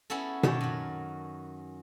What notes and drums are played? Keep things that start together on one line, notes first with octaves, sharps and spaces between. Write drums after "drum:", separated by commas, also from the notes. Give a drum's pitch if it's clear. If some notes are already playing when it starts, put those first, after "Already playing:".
B3 C#4 E4 F#4 G#4 A4
D#3 G4 C#5 A5, drum: tom B2
F#2 F#4